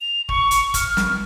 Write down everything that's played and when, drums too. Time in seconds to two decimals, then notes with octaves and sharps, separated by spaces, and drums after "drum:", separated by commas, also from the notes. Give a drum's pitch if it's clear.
0.01 F7
0.29 C#6, drum: kick
0.51 drum: hi-hat
0.74 F6, drum: kick, hi-hat
0.97 drum: snare